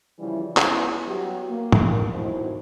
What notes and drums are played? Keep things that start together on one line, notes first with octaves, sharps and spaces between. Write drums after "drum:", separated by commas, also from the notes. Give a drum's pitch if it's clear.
C#3 E3 F3 G3 E4
B3 C#4 E4, drum: clap
F#3 G3 B3 F#4 G4
A#3
drum: tom
D#2 B2 D#3 E3 E4 C5